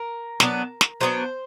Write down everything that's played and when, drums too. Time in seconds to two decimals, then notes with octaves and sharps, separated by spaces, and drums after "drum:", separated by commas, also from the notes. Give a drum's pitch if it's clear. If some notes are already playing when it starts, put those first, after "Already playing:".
Already playing: A#4
0.40 F#3 B3 D4, drum: snare
0.81 drum: snare
1.01 F#3 B3 D4 C5